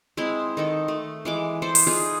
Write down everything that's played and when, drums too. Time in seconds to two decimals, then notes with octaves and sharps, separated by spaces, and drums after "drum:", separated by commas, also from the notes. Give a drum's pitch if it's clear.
0.17 G#3 C4 E4
0.57 D#3 D#4 A4
0.88 A3
1.25 E3 G#3 D6
1.62 A4 C5 D5
1.75 drum: open hi-hat
1.87 D#4 F4 G#4 B4